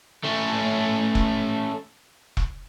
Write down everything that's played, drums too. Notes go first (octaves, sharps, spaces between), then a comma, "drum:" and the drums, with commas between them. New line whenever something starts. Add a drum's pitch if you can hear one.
A3 C#4
drum: kick E1
drum: kick E1